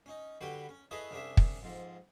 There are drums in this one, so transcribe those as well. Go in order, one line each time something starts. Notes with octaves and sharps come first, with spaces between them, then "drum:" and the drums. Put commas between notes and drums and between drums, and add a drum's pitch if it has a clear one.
C#4 D#4
D3 G3 F#4 B4 G5
C#4
E4 G#4 A4 B4 C#5 D#5
C2 C#4 D4 G#4 E5
drum: kick
F2 G#2